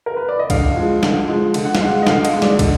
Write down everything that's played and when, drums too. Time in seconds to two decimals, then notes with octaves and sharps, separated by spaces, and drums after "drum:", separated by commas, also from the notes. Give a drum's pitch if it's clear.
0.06 A#4
0.16 B4
0.29 D5
0.39 D#5
0.50 D3 F5, drum: kick, cymbal
0.76 F3 G#3
1.03 D3, drum: snare
1.28 F3 G#3
1.54 D3, drum: cymbal
1.65 F#5
1.75 F5, drum: snare
1.81 G#3 F#5
2.03 D#5
2.07 D3 F5, drum: snare
2.25 D#5, drum: cymbal
2.33 G#3
2.42 D5, drum: snare
2.59 D3, drum: kick, cymbal